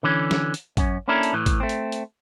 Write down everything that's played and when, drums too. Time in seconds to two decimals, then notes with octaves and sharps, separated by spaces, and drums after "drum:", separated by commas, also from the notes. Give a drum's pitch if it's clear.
0.03 D3 E3 C#4
0.31 drum: snare
0.54 drum: hi-hat
0.77 F#2 C#4, drum: kick, hi-hat
1.08 A#3 C#4 D4 E4 A4 A#4
1.23 drum: hi-hat
1.34 A2 E3
1.46 drum: kick, hi-hat
1.60 A3 C4
1.69 drum: hi-hat
1.92 drum: hi-hat